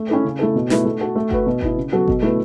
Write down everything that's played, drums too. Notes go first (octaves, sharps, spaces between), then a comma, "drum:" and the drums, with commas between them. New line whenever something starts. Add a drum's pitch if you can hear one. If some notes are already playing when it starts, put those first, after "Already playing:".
Already playing: A3
C#4 E4 A4
C#3
A3 E4 A4
B2
A3 E4 B4, drum: snare
A3
F#4 A4
A3
F#4 B4, drum: kick G1
B2
B3 E4, drum: kick G1
C#3
F#3 B3 F#4 A4
B2, drum: kick G1
A3 E4 B4